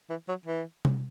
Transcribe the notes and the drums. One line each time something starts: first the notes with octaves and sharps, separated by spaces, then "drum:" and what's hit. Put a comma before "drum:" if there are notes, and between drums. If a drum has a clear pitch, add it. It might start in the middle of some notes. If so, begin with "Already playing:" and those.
E3
F#3
E3
drum: tom C3